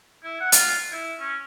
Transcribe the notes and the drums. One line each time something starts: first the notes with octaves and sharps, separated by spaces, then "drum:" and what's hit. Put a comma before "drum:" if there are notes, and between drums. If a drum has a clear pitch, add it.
E4
F#5
F4, drum: hi-hat
E4
C#4